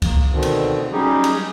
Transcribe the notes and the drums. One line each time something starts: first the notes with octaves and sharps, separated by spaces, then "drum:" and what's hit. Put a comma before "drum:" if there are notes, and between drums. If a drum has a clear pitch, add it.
A#3, drum: kick C2, cymbal
B2 D3 D#3 C4
drum: cymbal
F#3 G3 C#4 D#4 G4 G#4
drum: cymbal